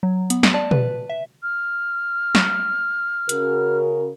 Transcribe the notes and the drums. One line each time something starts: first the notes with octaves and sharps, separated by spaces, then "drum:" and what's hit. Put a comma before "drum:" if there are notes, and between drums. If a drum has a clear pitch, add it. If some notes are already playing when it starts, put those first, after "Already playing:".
F#3
B3, drum: hi-hat
drum: snare
D5 A5
B4, drum: tom
E5
F6
drum: snare
C#3 F#4 A#4, drum: hi-hat